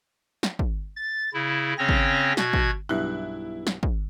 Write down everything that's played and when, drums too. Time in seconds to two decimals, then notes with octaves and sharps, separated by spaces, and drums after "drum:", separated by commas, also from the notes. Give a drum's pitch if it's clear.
0.43 drum: snare
0.59 drum: kick
0.96 A6
1.34 C#3 E4
1.78 C#3 C4 C#4 C#5 A#6
1.89 drum: kick
2.37 B2 F#4 G#6, drum: snare
2.53 drum: kick
2.89 B1 G2 E4 F#6
3.67 drum: snare
3.83 drum: kick